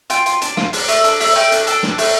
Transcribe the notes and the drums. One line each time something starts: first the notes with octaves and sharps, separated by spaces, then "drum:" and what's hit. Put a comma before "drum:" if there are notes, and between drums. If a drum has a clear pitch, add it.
F4 G5, drum: hi-hat
F4, drum: hi-hat
D4, drum: hi-hat
F4, drum: snare
D4, drum: open hi-hat
A3, drum: hi-hat
D4, drum: hi-hat
A3, drum: open hi-hat
A3 G5
D4, drum: hi-hat
A4 G5, drum: hi-hat
D4, drum: snare
A3, drum: open hi-hat